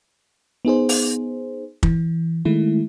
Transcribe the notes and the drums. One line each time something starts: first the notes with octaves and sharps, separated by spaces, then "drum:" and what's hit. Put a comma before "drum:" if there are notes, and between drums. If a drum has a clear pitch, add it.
B3 D#4 G#4 C5
drum: open hi-hat
E3, drum: kick
D#3 G#3 A3 E4